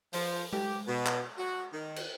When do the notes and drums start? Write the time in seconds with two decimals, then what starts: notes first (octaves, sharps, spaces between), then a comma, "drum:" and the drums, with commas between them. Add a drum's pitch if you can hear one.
0.13 F3, drum: open hi-hat
0.53 G4, drum: tom G#3
0.87 B2
1.06 drum: clap
1.38 F#4
1.73 D#3
1.96 drum: cymbal